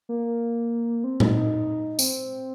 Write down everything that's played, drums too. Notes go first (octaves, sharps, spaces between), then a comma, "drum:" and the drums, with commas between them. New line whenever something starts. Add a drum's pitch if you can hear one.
A#3
C4
D#4, drum: tom A#2
D#4
C4, drum: tambourine